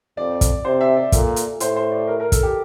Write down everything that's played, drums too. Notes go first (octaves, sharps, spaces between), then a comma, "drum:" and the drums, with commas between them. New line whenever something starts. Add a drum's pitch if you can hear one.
F2 D5
drum: kick, hi-hat
C3 C5
E5
D5
A#2 A4, drum: kick, hi-hat
drum: hi-hat
A2 C5, drum: hi-hat
C5
D5
A#4
A#4
A4, drum: kick, hi-hat
G4